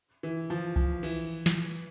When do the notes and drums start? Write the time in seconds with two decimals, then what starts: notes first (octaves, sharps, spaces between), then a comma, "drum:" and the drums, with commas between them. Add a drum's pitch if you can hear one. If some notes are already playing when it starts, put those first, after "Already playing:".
0.23 E3
0.50 F3
0.76 F3, drum: kick C2
1.03 E3, drum: cymbal
1.46 drum: snare